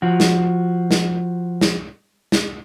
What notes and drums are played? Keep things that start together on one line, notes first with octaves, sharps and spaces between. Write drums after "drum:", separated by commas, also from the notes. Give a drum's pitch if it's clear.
F3 F#4
drum: snare
drum: snare
drum: snare
drum: snare